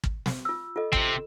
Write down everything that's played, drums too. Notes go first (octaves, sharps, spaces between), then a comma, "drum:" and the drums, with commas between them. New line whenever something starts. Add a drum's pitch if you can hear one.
drum: kick
drum: snare
F4 E6
F4 A4 D#5
C3 C4, drum: kick